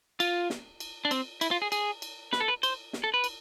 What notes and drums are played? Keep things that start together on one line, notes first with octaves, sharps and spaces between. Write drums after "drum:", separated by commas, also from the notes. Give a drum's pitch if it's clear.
F4, drum: cymbal
drum: snare
drum: cymbal
D4
C4, drum: cymbal
E4, drum: cymbal
F4
G#4
G#4, drum: cymbal
drum: cymbal
B4, drum: snare
A4
B4
C5, drum: cymbal
drum: snare
A4
B4
drum: cymbal